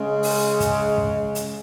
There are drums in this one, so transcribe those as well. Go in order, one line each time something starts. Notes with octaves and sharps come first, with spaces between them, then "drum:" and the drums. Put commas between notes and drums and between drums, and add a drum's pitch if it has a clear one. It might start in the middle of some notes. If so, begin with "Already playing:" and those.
Already playing: C#3 G#3
drum: open hi-hat
drum: kick, hi-hat
drum: kick
drum: hi-hat